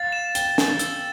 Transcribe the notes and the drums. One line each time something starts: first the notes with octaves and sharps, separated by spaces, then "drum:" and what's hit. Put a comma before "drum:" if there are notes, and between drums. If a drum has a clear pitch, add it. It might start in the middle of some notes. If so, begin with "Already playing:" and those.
Already playing: F5 A6
E7
G5 G7, drum: hi-hat
A6, drum: snare
E6, drum: hi-hat